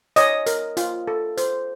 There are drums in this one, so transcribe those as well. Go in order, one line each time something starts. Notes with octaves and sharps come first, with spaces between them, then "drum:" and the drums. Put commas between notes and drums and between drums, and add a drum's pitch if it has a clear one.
C#5 D#5, drum: hi-hat
A#4, drum: hi-hat
F4, drum: hi-hat
A4
C5, drum: hi-hat